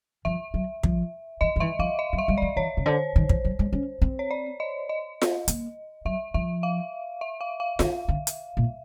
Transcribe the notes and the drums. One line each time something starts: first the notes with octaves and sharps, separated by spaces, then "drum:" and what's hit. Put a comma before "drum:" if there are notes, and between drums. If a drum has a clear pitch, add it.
F3 E5
F#3
F3, drum: kick
E3 D#5
F3
E3 E5
F3 F5
D#5
F#3
E5
G3
F3 D5
E3 C#5
C#3
D3 C5
D#3
E3, drum: kick
F#3
G#3
C#4
C4
C#5
D5
D#5
D#5
drum: snare F4
A#3, drum: hi-hat
F#3 E5
F3 E5
F5
E5
F5
F5
D#3, drum: snare F4
D3
drum: hi-hat
A#2